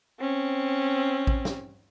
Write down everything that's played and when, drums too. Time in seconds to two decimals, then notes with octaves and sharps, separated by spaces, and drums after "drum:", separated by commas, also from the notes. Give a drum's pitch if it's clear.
0.20 C4 C#4
1.27 drum: kick A1
1.45 drum: snare